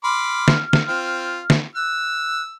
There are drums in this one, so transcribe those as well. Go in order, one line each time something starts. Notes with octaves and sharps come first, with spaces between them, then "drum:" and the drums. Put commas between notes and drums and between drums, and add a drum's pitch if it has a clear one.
B5 C6 D6 F6
drum: snare
drum: snare
C4 F4
drum: snare
E6 F#6